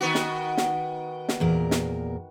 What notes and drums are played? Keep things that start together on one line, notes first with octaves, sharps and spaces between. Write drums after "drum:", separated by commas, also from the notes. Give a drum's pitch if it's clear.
D#3 B3 F#4
drum: snare
drum: snare
drum: snare
E2 A#2 A#4
drum: snare